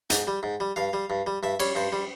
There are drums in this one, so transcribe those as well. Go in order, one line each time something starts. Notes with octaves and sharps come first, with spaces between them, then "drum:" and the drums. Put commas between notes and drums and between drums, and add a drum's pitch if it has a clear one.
G#2 G5, drum: hi-hat
G3
G#2
G3
G2 F5
G3
G2
G3
G2 E5
G3 C#5, drum: cymbal
G2 C5
G3